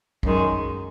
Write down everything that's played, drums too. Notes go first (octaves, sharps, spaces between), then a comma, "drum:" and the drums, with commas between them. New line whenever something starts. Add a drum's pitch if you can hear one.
F#2 D#3 G#3, drum: kick